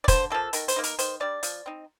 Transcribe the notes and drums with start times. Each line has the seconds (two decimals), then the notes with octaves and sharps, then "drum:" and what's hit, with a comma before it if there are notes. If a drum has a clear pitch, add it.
0.04 D5
0.08 D3 C5, drum: kick, hi-hat
0.30 F3 A#3 A4
0.53 D#3 A#4, drum: hi-hat
0.68 C5, drum: hi-hat
0.76 A#3 D#4
0.84 A#4, drum: hi-hat
0.99 D#3 C5, drum: hi-hat
1.20 G3 D4 D5
1.43 F3, drum: hi-hat
1.66 C4 D#4